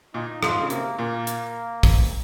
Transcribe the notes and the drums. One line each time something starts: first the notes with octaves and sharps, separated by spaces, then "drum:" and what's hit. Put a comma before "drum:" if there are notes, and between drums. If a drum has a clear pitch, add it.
A#2 D#4
G#2 F4, drum: rim click
C#3
C3 A#3, drum: hi-hat
A#2 A#3
drum: hi-hat
drum: kick, open hi-hat